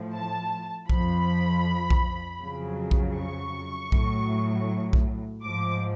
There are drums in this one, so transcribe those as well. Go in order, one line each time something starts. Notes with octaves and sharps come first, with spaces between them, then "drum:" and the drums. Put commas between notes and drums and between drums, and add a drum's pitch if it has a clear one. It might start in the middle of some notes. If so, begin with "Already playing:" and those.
Already playing: A2 F3
A5
F2 F3 B5, drum: kick B1
drum: kick B1
F2 C#3 F#3
drum: kick B1
C#6
A2 F#3, drum: kick B1
drum: kick B1
G#2 F3 D6